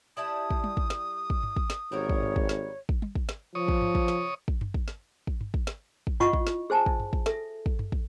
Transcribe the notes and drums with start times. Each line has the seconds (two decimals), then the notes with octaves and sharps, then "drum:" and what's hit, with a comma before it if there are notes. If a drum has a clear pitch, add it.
0.17 G3 E4 A5 D#6
0.51 drum: kick
0.64 drum: tom
0.77 drum: kick
0.90 drum: snare
1.30 drum: kick
1.43 drum: tom G2
1.57 drum: kick
1.70 drum: snare
1.92 G#1 G3 B3 A#4 C#5
2.09 drum: kick
2.23 drum: tom G2
2.36 drum: kick
2.49 drum: snare
2.89 drum: kick
3.02 drum: tom
3.15 drum: kick
3.29 drum: snare
3.55 F3 C#5 D#6
3.68 drum: kick
3.82 drum: tom G2
3.95 drum: kick
4.08 drum: snare
4.48 drum: kick
4.61 drum: tom F#2
4.74 drum: kick
4.88 drum: snare
5.27 drum: kick
5.41 drum: tom G2
5.54 drum: kick
5.67 drum: snare
6.07 drum: kick
6.20 E4 F4 D#5 F#5 C#6, drum: tom F#2
6.33 drum: kick
6.47 drum: snare
6.70 G#4 C5 G#5 A5
6.86 drum: kick
7.00 drum: tom F#2
7.13 drum: kick
7.26 A4 E5, drum: snare
7.66 drum: kick
7.79 drum: tom F#2
7.92 drum: kick